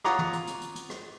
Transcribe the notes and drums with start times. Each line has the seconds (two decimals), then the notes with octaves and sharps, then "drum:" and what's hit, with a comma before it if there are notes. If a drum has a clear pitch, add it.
0.04 F4 C#5 F#5 A#5 D6 D#6, drum: rim click
0.19 drum: tom
0.33 drum: hi-hat
0.47 drum: hi-hat
0.61 drum: hi-hat
0.76 drum: hi-hat
0.90 drum: rim click